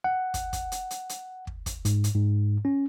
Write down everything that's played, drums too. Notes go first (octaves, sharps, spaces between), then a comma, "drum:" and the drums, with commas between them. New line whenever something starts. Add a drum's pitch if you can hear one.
F#5
drum: kick, hi-hat
drum: kick, hi-hat
drum: hi-hat
drum: hi-hat
drum: hi-hat
drum: kick
drum: kick, hi-hat
G#2, drum: hi-hat
drum: hi-hat
G#2
C#4